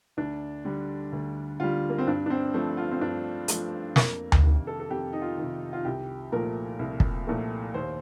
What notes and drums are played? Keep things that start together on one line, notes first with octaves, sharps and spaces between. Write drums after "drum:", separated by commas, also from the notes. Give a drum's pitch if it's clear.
D2 D4
D3 G3
D2
D3 G3 F4
A#3
C4
G2 D4
D4
C4
F3 A3 C4
F4
C4
G2 D4
F3 A3, drum: hi-hat
F2 A#3, drum: snare
drum: tom D2
C3 D#3
A4
A4
F2 G4
D#4
F4
C3 D#3
F4
C2 G4
A#2 F3 A3 A#4
C2
drum: kick
A#2 F3 A3
D#2 C5